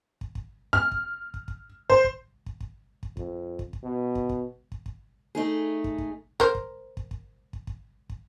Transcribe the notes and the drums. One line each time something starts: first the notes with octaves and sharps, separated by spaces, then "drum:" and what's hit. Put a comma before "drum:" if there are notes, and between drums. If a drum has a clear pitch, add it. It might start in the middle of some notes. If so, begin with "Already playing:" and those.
drum: kick
drum: kick
F6
drum: kick
drum: kick
drum: kick
C5, drum: kick
drum: kick
drum: kick
drum: kick
drum: kick
F2, drum: kick
drum: kick
drum: kick
B2
drum: kick
drum: kick
drum: kick
drum: kick
A3 D#4 G#4
drum: kick
drum: kick
A#4 C5, drum: kick
drum: kick
drum: kick
drum: kick
drum: kick
drum: kick
drum: kick